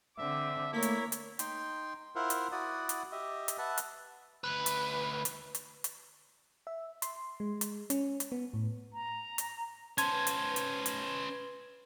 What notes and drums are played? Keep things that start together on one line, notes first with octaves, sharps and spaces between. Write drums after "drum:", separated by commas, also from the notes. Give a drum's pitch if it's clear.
D3 C4 E5 D6
A3 A#3 E4 A#4 C#5 B6
drum: hi-hat
drum: hi-hat
D#4 G5 C6, drum: hi-hat
E4 F4 A#4 C5 E5 F#5
drum: hi-hat
E4 F#4 D5 F#5 D#6
drum: hi-hat
G4 D#5 E5
drum: hi-hat
B4 E5 F#5 A5
drum: hi-hat
D2 B4
drum: hi-hat
drum: hi-hat
drum: hi-hat
drum: hi-hat
E5
C6, drum: hi-hat
G#3
drum: hi-hat
C#4, drum: hi-hat
drum: hi-hat
B3
A2
A#5
drum: hi-hat
C#4 B4 C5 A5 C6 G#6, drum: hi-hat
drum: hi-hat
drum: hi-hat
drum: hi-hat